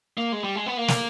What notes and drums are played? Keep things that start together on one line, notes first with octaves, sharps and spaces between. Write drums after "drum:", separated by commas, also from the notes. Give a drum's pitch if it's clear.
A#3
G#3
G3
G#3
B3
A#3
drum: snare